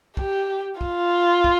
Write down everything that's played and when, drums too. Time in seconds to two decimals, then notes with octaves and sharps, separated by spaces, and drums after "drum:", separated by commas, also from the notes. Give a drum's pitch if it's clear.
0.17 G4, drum: kick
0.81 F4, drum: kick
1.44 drum: kick